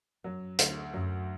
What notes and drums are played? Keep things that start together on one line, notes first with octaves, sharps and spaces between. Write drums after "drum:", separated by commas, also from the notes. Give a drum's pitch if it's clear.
F#2 F#3
D2, drum: hi-hat
F#2 F#3